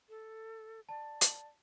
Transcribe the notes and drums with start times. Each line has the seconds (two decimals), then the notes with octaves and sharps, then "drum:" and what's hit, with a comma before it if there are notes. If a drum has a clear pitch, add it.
0.09 A4
0.89 D5 A5
1.21 drum: hi-hat